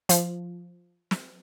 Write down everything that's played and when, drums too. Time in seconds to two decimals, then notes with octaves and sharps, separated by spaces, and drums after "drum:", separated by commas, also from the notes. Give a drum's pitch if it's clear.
0.09 F3, drum: hi-hat
1.11 drum: snare